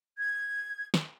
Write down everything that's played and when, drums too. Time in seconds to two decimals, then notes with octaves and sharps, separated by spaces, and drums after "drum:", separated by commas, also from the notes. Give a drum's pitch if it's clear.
0.18 G#6
0.94 drum: snare